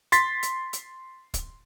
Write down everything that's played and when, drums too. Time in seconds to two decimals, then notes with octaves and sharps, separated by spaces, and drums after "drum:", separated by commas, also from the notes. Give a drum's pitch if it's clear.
0.12 C6 A6 B6, drum: hi-hat
0.43 drum: hi-hat
0.73 drum: hi-hat
1.34 drum: kick, hi-hat